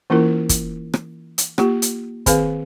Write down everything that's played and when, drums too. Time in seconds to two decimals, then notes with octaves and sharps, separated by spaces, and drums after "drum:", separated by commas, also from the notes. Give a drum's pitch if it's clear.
0.10 E3 A#3 C#4 E4 F4 A#4
0.49 drum: kick, hi-hat
0.94 drum: rim click
1.38 drum: hi-hat
1.58 A#3 F4 G4, drum: rim click
1.82 drum: hi-hat
2.26 D#3 C4 G#4 B4 F5, drum: kick, hi-hat